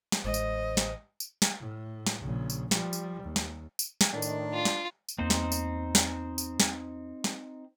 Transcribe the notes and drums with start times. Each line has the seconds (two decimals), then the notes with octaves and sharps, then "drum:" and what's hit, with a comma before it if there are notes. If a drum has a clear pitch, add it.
0.12 drum: snare
0.24 A1 G#3 C5 D#5
0.34 drum: tambourine
0.77 drum: snare
1.20 drum: tambourine
1.42 drum: snare
1.60 A2
2.07 drum: snare
2.21 A#1 C#3
2.50 drum: tambourine
2.71 F3 G3, drum: snare
2.93 drum: tambourine
3.24 D#2
3.36 drum: snare
3.79 drum: tambourine
4.01 drum: snare
4.13 A2 D#3 D4
4.22 drum: tambourine
4.54 F4
4.65 drum: snare
5.09 drum: tambourine
5.18 E2 A#3 C4 D#4 C5
5.30 drum: snare
5.52 drum: tambourine
5.95 drum: snare
6.38 drum: tambourine
6.60 drum: snare
7.24 drum: snare